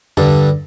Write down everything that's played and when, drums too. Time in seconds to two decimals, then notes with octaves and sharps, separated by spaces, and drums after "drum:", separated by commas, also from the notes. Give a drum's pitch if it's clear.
0.17 G2 D3 G3, drum: tom E2